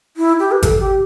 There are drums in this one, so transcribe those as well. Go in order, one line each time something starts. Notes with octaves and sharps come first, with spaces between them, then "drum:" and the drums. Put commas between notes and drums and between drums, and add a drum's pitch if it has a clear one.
E4
G4
B4
A4, drum: kick G#1, hi-hat
G4